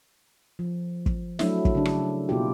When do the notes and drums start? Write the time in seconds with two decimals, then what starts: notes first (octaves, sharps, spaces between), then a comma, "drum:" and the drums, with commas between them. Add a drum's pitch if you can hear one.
0.59 F3
1.06 drum: kick
1.39 F#3 A3 D4 E4 E5, drum: snare
1.65 drum: kick
1.75 C#3 D4
1.85 drum: rim click
2.29 B2 A#3 B3 E4 F4 G4